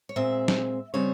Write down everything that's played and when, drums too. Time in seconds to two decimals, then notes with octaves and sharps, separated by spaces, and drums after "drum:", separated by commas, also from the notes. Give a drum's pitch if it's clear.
0.09 C#5
0.16 A#2 G#3 C4 E5
0.48 drum: snare
0.94 C#3 G3 C4 C#5